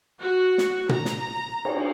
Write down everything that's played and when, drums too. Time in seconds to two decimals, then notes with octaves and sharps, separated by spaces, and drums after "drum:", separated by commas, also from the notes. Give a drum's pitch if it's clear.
0.20 F#4
0.58 drum: snare
0.89 A#5, drum: tom A#2
1.05 drum: snare
1.65 drum: cymbal